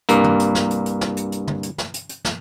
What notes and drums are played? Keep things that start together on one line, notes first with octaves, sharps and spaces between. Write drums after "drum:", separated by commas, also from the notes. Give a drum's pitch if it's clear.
C2 G2 A#3, drum: hi-hat
drum: tom
drum: hi-hat
drum: snare
drum: hi-hat
drum: hi-hat
drum: snare
drum: hi-hat
drum: hi-hat
drum: tom
drum: hi-hat
drum: snare
drum: hi-hat
drum: hi-hat
drum: snare